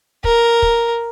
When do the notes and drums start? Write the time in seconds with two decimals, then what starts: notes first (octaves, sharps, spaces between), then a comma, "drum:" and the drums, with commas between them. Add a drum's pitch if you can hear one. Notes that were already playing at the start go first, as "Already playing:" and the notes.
0.24 A#4, drum: kick
0.62 drum: kick